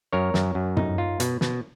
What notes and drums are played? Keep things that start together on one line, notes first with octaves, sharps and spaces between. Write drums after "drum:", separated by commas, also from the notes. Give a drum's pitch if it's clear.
F#2 A#4 C#5
F#2, drum: snare
F#2
D#4, drum: tom
F4
B2, drum: hi-hat
B2, drum: snare